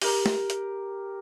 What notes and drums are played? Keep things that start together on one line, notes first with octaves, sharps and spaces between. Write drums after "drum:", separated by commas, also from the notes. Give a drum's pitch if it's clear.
G4 A#4, drum: open hi-hat
drum: snare
drum: hi-hat